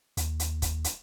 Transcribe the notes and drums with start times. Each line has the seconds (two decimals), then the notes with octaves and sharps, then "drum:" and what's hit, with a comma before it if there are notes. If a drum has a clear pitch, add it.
0.17 D#2, drum: hi-hat
0.40 drum: hi-hat
0.62 drum: kick, hi-hat
0.84 drum: hi-hat